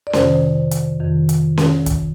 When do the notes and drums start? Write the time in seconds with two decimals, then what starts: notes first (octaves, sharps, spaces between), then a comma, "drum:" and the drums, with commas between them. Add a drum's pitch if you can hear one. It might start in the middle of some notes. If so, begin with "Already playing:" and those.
0.07 D5
0.13 F2 C3 D#3 C5, drum: snare C#4
0.71 drum: hi-hat
1.00 F2 C3 D#3
1.29 drum: hi-hat
1.58 drum: snare C#4
1.86 drum: kick, hi-hat